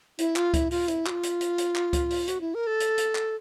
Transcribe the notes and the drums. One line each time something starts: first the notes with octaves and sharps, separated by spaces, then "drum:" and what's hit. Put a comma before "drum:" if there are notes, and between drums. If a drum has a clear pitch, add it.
E4, drum: hi-hat
F4, drum: clap
E4, drum: kick C#2, hi-hat
F4, drum: open hi-hat
E4, drum: hi-hat
F#4, drum: clap
F4
drum: hi-hat
drum: hi-hat
drum: hi-hat
drum: clap
drum: kick C#2, hi-hat
drum: open hi-hat
F#4, drum: hi-hat
E4
A#4
A4
drum: hi-hat
drum: hi-hat
drum: clap